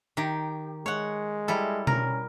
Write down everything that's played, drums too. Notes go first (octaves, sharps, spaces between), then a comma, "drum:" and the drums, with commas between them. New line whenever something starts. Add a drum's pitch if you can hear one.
D#3 G4
G#3 C#5 F#5
G3 E4 A4
C#4 A#4, drum: tom B2